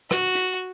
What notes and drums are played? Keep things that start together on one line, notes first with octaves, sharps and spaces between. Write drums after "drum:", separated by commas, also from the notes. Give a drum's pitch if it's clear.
F#4, drum: rim click
drum: hi-hat